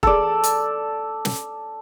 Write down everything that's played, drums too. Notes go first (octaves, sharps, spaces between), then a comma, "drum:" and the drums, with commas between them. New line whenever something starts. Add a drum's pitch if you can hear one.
A4 D5, drum: kick E1
drum: hi-hat
drum: snare